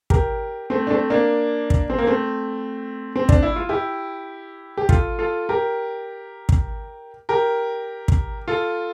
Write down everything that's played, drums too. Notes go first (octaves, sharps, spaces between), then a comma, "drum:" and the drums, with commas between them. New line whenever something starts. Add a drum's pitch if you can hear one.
G4 A#4, drum: kick
A3 C4
D4
A3 C4
A#3 D4
drum: kick
C4
A#3
A3 C4
C4
D4, drum: kick
E4
F4
E4 G4
G4
F4 A4, drum: kick
F4 A4
G4 A#4
drum: kick
G4 A#4
drum: kick
F4 A4